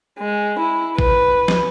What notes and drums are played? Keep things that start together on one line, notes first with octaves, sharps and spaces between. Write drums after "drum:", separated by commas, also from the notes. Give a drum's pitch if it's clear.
G#3
E4
B4, drum: kick
drum: snare